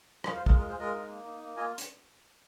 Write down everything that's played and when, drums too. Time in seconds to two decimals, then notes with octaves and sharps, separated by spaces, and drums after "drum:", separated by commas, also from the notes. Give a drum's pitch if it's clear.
0.24 F4 A#4 D#5, drum: rim click
0.35 C5 F5
0.41 G#3
0.46 A#4 D#5, drum: kick
0.57 F4 A#4 D#5
0.68 G#4 C5
0.74 G#3
0.79 A#4 D#5
0.91 D#4
1.08 A#3
1.24 D#4
1.40 A#3
1.57 F4 D#5 G#5
1.78 drum: hi-hat